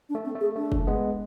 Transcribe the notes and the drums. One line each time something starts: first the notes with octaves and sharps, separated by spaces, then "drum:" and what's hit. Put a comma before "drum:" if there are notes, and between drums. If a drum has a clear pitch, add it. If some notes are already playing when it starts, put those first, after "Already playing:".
D4
A3
C4
A3
G#4
A3 D4
drum: kick F1
G#3 B3